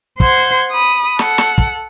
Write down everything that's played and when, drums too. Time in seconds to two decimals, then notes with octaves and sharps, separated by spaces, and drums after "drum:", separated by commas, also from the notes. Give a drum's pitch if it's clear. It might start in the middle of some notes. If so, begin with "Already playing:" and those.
0.20 C5 F#5 C6 G6 G#6, drum: kick
0.71 B5 D#6
1.19 A4 F#5, drum: snare
1.38 drum: snare
1.58 drum: kick